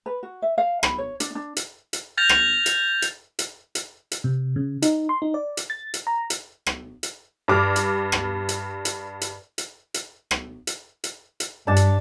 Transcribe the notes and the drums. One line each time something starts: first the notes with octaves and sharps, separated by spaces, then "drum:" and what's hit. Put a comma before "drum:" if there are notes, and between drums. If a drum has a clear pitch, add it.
B4
F#4
E5
F5
B5, drum: rim click
C#5
D4, drum: hi-hat
D4
drum: hi-hat
drum: hi-hat
F6 G6 A6 A#6 F7
drum: rim click
drum: hi-hat
drum: hi-hat
drum: hi-hat
drum: hi-hat
drum: hi-hat
C3
C#3
D#4, drum: hi-hat
C6
D#4
D5
drum: hi-hat
A6
drum: hi-hat
A#5
drum: hi-hat
drum: rim click
drum: hi-hat
G2 G3 D6 F6
drum: hi-hat
drum: rim click
drum: hi-hat
drum: hi-hat
drum: hi-hat
drum: hi-hat
drum: hi-hat
drum: rim click
drum: hi-hat
drum: hi-hat
drum: hi-hat
G2 D4 A5
drum: hi-hat